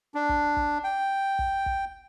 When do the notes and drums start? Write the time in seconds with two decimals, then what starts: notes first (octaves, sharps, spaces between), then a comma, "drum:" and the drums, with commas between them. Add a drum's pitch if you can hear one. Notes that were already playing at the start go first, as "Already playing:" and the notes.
0.15 D4
0.29 drum: kick
0.57 drum: kick
0.84 G5
1.39 drum: kick
1.66 drum: kick